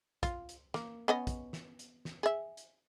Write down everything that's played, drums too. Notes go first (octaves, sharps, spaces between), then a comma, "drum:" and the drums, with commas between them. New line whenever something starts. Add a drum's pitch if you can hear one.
F4, drum: kick, hi-hat
drum: hi-hat
A#3, drum: snare
B3 C#4 D#5
drum: kick, hi-hat
drum: snare
drum: hi-hat
drum: snare
G#4 E5
drum: hi-hat